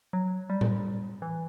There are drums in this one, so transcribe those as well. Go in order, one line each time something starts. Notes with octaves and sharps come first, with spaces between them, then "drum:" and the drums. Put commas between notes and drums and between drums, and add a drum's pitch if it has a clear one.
F#3
G3
drum: tom A2
E3